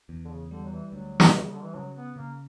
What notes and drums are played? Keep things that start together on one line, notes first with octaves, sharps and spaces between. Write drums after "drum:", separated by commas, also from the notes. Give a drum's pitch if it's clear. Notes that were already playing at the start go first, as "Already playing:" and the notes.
E2
D3
C#3
D3 G3
F#3
E3
D2 F#3
drum: snare
B2 G3
C#3
D3
E3
C#3 F#3
B3
C#3 A#3